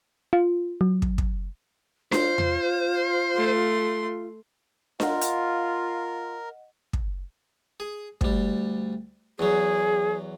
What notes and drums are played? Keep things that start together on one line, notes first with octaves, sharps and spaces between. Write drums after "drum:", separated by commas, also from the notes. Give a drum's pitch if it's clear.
F4
F#3
drum: kick
drum: kick
F4 C5, drum: snare D4
drum: tom E2
A3 C6
F4 A#4 D#5 F#5, drum: snare D4
drum: hi-hat
drum: kick
G#4
D2 G3, drum: kick
E2 F#3 G#4